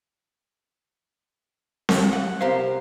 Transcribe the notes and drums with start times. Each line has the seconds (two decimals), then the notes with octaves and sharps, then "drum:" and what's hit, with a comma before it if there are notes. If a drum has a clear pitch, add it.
1.89 drum: snare C4
2.13 F#5
2.41 C2 C3 G4 A#4 C5 F5